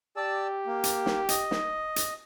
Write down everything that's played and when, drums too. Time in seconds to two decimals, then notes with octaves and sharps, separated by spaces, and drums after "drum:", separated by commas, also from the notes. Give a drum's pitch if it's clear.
0.16 G4 D5 A5 E6
0.67 A#3
0.84 drum: hi-hat
1.06 drum: snare
1.29 D#5, drum: hi-hat
1.51 drum: snare
1.96 drum: hi-hat